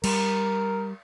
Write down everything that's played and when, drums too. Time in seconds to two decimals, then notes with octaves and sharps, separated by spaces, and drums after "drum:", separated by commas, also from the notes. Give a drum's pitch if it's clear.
0.04 G3 A#4, drum: cymbal